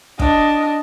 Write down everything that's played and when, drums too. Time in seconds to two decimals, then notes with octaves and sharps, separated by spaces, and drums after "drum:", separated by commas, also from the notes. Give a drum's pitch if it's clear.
0.19 D4 D#5, drum: kick